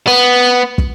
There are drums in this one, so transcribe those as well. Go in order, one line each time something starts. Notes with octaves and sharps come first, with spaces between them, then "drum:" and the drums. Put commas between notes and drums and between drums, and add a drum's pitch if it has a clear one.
B3
drum: kick